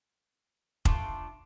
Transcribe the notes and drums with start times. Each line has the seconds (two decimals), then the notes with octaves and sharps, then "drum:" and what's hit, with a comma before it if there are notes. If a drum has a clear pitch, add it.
0.85 A3 D4 F4, drum: kick F1